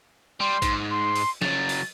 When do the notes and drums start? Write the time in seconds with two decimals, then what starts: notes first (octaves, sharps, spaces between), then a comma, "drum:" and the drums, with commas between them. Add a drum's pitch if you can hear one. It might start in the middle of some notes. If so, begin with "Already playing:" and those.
0.40 G3 C6
0.62 G#2, drum: kick, hi-hat
0.91 C6
1.16 drum: open hi-hat
1.42 C#3 F#3 A6, drum: snare
1.69 drum: open hi-hat